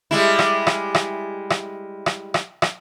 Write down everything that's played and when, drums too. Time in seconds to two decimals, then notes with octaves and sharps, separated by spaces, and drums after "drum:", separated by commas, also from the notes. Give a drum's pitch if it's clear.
0.11 G3 G#3 E4
0.39 drum: rim click
0.67 drum: rim click
0.95 drum: rim click
1.50 drum: rim click
2.06 drum: rim click
2.34 drum: rim click
2.62 drum: rim click